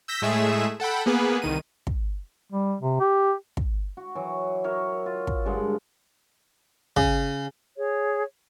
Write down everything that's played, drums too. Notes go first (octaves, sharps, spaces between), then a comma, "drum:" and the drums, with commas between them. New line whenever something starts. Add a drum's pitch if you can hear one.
E6 G6 A#6 B6
A2 G#3 A3 G#4 E5 E7
A4 F#5 G5 B5
A#3 B3 G#4 B4
C2 D#3 D#7
drum: kick
G3
C3
G4
drum: kick
F#4
E3 F#3
F#4 A#4 C#5 E5
F4
drum: kick
G2 D3 G#3 F#5
C#3, drum: kick
G#4 C#5